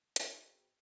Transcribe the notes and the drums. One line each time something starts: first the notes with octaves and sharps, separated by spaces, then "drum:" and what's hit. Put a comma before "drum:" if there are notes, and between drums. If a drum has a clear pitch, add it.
B3 C4 D#4 F#4 G#4 G5, drum: hi-hat